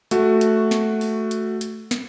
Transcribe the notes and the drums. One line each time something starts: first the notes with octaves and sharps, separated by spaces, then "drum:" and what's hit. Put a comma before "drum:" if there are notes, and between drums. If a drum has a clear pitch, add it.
A3 F#4, drum: hi-hat
drum: hi-hat
drum: snare
drum: open hi-hat
drum: hi-hat
drum: hi-hat
drum: snare